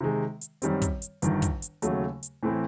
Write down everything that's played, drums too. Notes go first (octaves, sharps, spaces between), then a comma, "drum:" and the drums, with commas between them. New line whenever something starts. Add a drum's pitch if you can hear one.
C3 D#3 G#3
drum: hi-hat
F#2 D#3 G3 C4, drum: hi-hat
drum: kick, hi-hat
drum: hi-hat
G1 G2 D#3, drum: hi-hat
drum: kick, hi-hat
drum: hi-hat
D#2 C#3 F#3 A3, drum: hi-hat
drum: hi-hat
A2 E3 A3 C4 E4